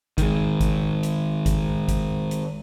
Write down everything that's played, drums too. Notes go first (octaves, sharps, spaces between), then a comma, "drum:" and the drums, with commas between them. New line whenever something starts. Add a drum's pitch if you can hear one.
D#3 G#3, drum: kick G#1, hi-hat
drum: kick G#1, hi-hat
drum: hi-hat
drum: kick G#1, hi-hat
drum: kick G#1, hi-hat
drum: hi-hat